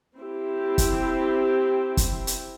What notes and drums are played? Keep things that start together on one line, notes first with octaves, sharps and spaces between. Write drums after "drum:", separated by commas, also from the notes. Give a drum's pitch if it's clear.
C4 E4 G4
drum: kick, hi-hat
drum: kick, hi-hat
drum: hi-hat